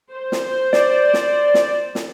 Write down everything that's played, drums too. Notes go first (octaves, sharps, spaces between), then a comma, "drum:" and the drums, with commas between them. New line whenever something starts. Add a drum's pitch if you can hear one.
C5
drum: snare
D5, drum: snare
drum: snare
drum: snare
drum: snare